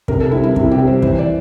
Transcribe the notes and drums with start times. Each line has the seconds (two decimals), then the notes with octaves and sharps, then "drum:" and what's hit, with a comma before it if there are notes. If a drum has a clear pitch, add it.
0.08 C3 A#4, drum: kick
0.20 A4
0.31 G3 C4 E4
0.43 E4
0.56 C3, drum: kick
0.71 G4
0.79 G3 C4
0.87 C5
1.02 E3 C5, drum: kick
1.19 D5